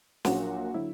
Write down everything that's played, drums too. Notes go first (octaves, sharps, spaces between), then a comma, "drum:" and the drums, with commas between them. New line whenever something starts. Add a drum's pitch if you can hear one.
A#1 A#2 F#3 F#4, drum: snare
D3 F#3 E4